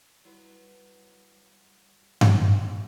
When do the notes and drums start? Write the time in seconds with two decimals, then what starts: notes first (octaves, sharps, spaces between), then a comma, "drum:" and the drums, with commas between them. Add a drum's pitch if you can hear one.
0.25 F#3 G3 E4 B4
2.21 drum: tom G2